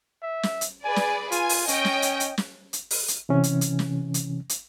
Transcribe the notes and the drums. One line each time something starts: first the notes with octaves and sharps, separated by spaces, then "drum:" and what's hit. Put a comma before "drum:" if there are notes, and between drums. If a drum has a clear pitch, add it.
E5
drum: snare
drum: hi-hat
G#4 B4 D5 G#5
drum: snare
F4 G#5, drum: hi-hat
drum: open hi-hat
C#4 C#5 D#5 G5, drum: hi-hat
drum: snare
drum: hi-hat
drum: hi-hat
drum: snare
drum: hi-hat
drum: open hi-hat
drum: hi-hat
C3 E3 C#4
drum: hi-hat
drum: hi-hat
drum: snare
drum: hi-hat
drum: hi-hat